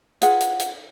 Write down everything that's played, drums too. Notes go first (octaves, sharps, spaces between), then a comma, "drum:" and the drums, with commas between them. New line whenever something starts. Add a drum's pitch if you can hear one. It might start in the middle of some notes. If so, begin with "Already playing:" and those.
F4 G#4 B4 F#5, drum: hi-hat
drum: hi-hat
drum: hi-hat